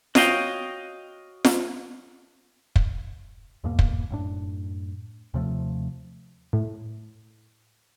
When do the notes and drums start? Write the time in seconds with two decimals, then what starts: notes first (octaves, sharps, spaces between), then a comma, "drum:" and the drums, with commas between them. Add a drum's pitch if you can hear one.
0.15 F#4 C#5 D#5 F5 G5, drum: snare F4
1.45 drum: snare F4
2.76 drum: kick
3.64 E2 G#2 B2 A#3
3.79 drum: kick
4.10 F#2 A2 D4
5.34 D#2 C3 F3 A3
6.53 A2